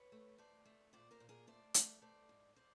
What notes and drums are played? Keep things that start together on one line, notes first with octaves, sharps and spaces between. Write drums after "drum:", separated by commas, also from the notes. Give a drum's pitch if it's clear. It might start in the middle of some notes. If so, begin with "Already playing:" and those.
Already playing: B4 C#5
A3
A3 C5 D5
A3
A#2 C5 D5
A#4 C5
A#2
G#4 A#4
A3 C5 D5
A3, drum: hi-hat
A3 C5 D5
G#2
C5 D5